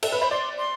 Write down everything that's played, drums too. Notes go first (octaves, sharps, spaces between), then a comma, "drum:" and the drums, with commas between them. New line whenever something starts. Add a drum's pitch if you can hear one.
A4, drum: cymbal
B4
C5 B5
D5 C6
C6